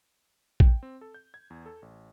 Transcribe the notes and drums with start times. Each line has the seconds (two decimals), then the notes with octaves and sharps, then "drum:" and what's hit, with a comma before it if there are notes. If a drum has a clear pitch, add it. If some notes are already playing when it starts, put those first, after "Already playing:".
0.60 G5, drum: kick
0.83 C4
1.01 A4
1.14 G6
1.34 G#6
1.50 E2
1.66 A4
1.82 A1